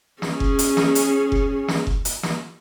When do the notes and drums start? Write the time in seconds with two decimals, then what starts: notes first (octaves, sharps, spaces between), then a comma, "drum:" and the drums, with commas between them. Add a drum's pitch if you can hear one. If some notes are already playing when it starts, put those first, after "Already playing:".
0.22 C#4 G#4, drum: snare
0.40 drum: kick F1
0.59 drum: hi-hat
0.77 drum: snare
0.95 drum: hi-hat
1.32 drum: kick F1
1.68 drum: snare
1.87 drum: kick F1
2.05 drum: hi-hat
2.23 drum: snare